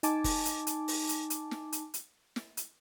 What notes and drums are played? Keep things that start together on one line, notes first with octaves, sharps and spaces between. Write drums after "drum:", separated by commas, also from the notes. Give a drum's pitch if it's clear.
D#4 G#5 A5 D6, drum: hi-hat
drum: kick F1, open hi-hat
drum: hi-hat
drum: hi-hat
drum: open hi-hat
drum: hi-hat
drum: hi-hat
drum: snare
drum: hi-hat
drum: hi-hat
drum: snare
drum: hi-hat